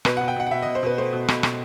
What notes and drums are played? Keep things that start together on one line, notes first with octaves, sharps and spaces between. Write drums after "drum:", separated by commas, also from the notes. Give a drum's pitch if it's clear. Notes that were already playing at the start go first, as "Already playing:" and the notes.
B2 B4, drum: rim click
B2 F#5
G5
B2 F#5
F#5
B2 E5
B2 D#5
C5
B2 B4
A3 C5
B2
B2, drum: rim click
B2, drum: rim click